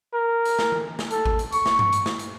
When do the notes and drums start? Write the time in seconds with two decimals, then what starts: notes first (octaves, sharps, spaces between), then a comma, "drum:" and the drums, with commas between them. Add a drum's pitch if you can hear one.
0.13 A#4
0.45 drum: hi-hat
0.59 drum: snare
0.72 drum: tom E3
0.99 drum: snare
1.10 A4, drum: hi-hat
1.26 drum: kick G#1
1.39 drum: hi-hat
1.52 C#6, drum: hi-hat
1.66 drum: snare
1.79 drum: tom G2
1.92 drum: hi-hat
2.06 drum: snare
2.19 drum: hi-hat